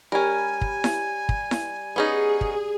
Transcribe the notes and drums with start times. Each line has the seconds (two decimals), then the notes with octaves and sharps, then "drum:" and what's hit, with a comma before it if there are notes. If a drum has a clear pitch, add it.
0.12 G3 C#4 A#4 G#5
0.61 drum: kick
0.84 drum: snare E4
1.29 drum: kick
1.51 drum: snare E4
1.96 B3 C#4 D#4 G#4
2.41 drum: kick